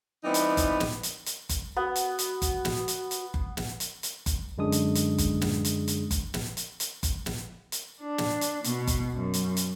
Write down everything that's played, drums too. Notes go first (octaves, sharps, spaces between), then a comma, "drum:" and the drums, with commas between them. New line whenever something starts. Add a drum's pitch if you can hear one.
E3 G3 B3 C4 D#4
drum: hi-hat
drum: kick F#1, hi-hat
drum: snare
drum: hi-hat
drum: hi-hat
drum: kick F#1, hi-hat
B3 F#4
drum: hi-hat
drum: hi-hat
drum: kick F#1, hi-hat
drum: snare
drum: hi-hat
drum: hi-hat
drum: kick F#1
drum: snare
drum: hi-hat
drum: hi-hat
drum: kick F#1, hi-hat
F#2 D3 G#3 D4 G#4 D#6
drum: hi-hat
drum: hi-hat
drum: kick F#1, hi-hat
drum: snare
drum: hi-hat
drum: hi-hat
drum: kick F#1, hi-hat
drum: snare
drum: hi-hat
drum: hi-hat
drum: kick F#1, hi-hat
drum: snare
drum: hi-hat
D4
drum: snare
drum: hi-hat
B2, drum: hi-hat
drum: kick F#1, hi-hat
F#2
drum: hi-hat
drum: hi-hat